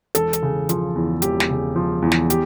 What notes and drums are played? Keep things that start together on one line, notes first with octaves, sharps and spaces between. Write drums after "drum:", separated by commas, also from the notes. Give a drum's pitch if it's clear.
E1 A4, drum: hi-hat
drum: hi-hat
C#3
F3, drum: hi-hat
E2
E1 G4, drum: hi-hat
drum: snare
C#3
F3
E2
drum: snare
G4, drum: hi-hat